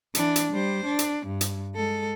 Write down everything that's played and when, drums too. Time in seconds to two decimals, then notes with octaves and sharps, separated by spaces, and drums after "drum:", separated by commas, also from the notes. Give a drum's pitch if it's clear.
0.15 E3 D4, drum: hi-hat
0.36 drum: hi-hat
0.52 G3 C5
0.85 D4
0.99 drum: hi-hat
1.26 G2
1.41 drum: hi-hat
1.75 G#3 A4